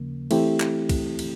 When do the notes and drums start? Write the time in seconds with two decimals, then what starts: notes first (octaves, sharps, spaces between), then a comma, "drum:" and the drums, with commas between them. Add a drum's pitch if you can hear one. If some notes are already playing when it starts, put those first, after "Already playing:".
Already playing: D#2 C#3 F3 A#3
0.31 E3 A3 C4 E4 G4, drum: cymbal
0.60 drum: clap
0.89 drum: kick, cymbal
1.19 drum: cymbal